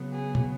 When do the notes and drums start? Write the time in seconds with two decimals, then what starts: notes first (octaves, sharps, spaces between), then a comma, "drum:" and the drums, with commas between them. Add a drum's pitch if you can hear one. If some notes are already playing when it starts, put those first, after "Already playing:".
Already playing: C#3 F#3 B3
0.12 G#4
0.35 drum: tom